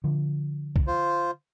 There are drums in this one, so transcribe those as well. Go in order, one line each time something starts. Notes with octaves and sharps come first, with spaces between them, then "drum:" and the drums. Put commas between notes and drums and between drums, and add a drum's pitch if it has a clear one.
D3 F3
drum: kick
F4 C5